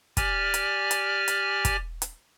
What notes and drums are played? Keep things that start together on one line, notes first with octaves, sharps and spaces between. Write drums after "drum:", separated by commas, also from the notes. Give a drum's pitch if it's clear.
G4 D5 G#5 F6, drum: kick, hi-hat
drum: hi-hat
drum: hi-hat
drum: hi-hat
drum: kick, hi-hat
drum: hi-hat